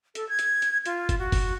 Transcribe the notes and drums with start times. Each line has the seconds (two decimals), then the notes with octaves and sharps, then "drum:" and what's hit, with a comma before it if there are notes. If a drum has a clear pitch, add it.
0.15 A4, drum: hi-hat
0.29 G#6
0.39 drum: hi-hat
0.62 drum: hi-hat
0.86 F4, drum: hi-hat
1.09 drum: kick F#1, hi-hat
1.19 F#4
1.32 drum: kick F#1, open hi-hat